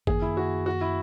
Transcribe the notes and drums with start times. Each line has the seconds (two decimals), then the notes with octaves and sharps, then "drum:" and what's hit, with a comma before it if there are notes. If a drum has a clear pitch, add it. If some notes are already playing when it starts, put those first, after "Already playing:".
0.07 F#2 D#3 A#3 G#4, drum: kick G#1
0.22 E4
0.37 F#4
0.66 F#4
0.81 E4